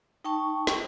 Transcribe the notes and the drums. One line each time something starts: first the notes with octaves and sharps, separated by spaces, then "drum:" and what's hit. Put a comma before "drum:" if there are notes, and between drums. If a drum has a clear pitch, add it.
D#4 G5 A5 C#6
drum: snare